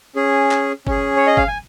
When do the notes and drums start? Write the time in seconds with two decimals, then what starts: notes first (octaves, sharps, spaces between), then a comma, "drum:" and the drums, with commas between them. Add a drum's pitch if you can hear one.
0.15 C#4 G#4
0.51 drum: clap
0.87 C#4 G#4, drum: kick
1.17 C#5
1.27 D#5
1.37 F5, drum: kick
1.48 G#5